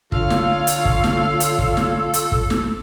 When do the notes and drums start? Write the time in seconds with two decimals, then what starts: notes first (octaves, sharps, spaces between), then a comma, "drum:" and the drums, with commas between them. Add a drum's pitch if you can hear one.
0.12 D3 F4 A4 C#5 F5, drum: kick
0.30 drum: snare
0.67 drum: hi-hat
0.85 drum: kick
1.04 drum: snare
1.40 drum: hi-hat
1.59 drum: kick
1.77 drum: snare
2.14 drum: hi-hat
2.32 drum: kick
2.50 drum: snare